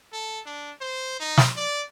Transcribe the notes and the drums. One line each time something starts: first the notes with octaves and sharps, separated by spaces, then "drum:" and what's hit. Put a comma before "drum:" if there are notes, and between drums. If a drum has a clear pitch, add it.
A4
D4
C5
D#4
drum: snare
D5